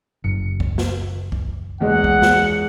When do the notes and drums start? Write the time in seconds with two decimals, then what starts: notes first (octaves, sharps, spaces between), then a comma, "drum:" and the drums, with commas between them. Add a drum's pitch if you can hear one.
0.24 F#1 C#7
0.60 drum: kick
0.78 drum: snare
1.32 drum: kick
1.81 E2 G#3 F#5
2.04 drum: kick
2.22 drum: snare